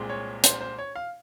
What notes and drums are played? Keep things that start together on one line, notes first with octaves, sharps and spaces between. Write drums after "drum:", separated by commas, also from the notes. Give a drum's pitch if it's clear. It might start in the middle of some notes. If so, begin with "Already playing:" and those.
Already playing: C2 A#2 G#3 C4
C#5
C5, drum: hi-hat
C5
C#5
F5